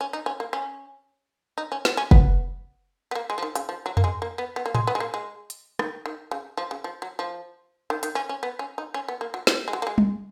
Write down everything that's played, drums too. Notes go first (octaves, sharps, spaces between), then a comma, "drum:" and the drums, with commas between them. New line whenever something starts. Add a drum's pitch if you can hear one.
C#4
D#4
C#4
A#3
C#4
D#4
C#4
B3, drum: snare
C#4
B3, drum: kick F#1
B3
A#3
G#3
F3
D#3
C#3, drum: hi-hat
F3
F#3
A#3, drum: tom F2
G#3
A#3
B3
B3
A#3
G#3, drum: tom A2
B3
G#3
A#3
G#3
drum: hi-hat
D#3, drum: rim click
D#3
C#3
F3
C#3
F3
F#3
F3
D#3
D#3, drum: hi-hat
C#4
C#4
B3
C#4
D#4
C#4
B3
A#3
F#3
D#3, drum: snare
G#3
F#3
A#3
G#3
drum: tom G3